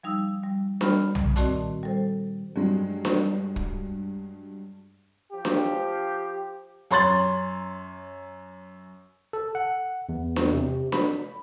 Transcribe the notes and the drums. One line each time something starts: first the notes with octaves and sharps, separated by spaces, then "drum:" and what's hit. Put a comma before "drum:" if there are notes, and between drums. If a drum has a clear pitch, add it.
F3 G3 D#4 D#6 E6
G3
G3 B5 F6, drum: snare D4
drum: tom
A#2 D#3 C4 F#4 D5 A5, drum: hi-hat
G3 A4 C5
G2 F#3 G#3
drum: snare D4
drum: kick
F3 G4
drum: snare D4
F#2 C#5 A#5 C6 A6 F#7, drum: hi-hat
A4
F#5
E2
drum: snare D4
C3
B5, drum: snare D4